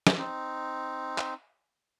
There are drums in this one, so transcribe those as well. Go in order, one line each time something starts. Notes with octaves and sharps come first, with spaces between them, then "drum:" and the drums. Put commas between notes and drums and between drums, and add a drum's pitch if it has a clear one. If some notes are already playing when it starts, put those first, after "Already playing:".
drum: snare
C4 D#4
drum: clap